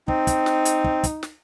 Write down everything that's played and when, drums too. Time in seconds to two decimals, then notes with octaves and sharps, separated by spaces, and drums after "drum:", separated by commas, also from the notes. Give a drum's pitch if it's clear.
0.08 C4 D#4, drum: kick
0.27 drum: kick, hi-hat
0.46 drum: snare
0.65 drum: hi-hat
0.84 drum: kick
1.04 drum: kick, hi-hat
1.23 drum: snare